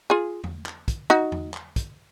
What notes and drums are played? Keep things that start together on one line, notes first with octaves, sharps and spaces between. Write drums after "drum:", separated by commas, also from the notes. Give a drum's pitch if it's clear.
F4 G#4
drum: tom E2
drum: clap
drum: kick, hi-hat
D#4 F#4
drum: tom E2
drum: clap
drum: kick, hi-hat